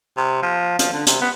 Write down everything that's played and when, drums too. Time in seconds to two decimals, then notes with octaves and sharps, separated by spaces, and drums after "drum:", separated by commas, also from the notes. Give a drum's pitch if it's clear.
0.17 C3
0.42 F3
0.79 F3, drum: hi-hat
0.93 D3
1.06 C3, drum: hi-hat
1.21 B3